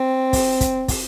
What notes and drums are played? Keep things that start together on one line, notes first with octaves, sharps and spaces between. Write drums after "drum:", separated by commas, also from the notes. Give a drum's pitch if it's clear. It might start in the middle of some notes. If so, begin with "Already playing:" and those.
Already playing: C4
drum: kick, open hi-hat
drum: kick, hi-hat
drum: kick, open hi-hat